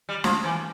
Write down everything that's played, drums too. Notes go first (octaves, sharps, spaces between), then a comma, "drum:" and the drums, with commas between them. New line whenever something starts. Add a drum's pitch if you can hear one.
G3
F3, drum: snare
E3